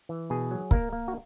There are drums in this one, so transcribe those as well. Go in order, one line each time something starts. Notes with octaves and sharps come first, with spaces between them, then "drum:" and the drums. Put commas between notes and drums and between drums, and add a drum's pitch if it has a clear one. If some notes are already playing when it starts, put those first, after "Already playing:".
E3
B2 G#4
F#3
A#3 A#4, drum: kick
A#3
F#4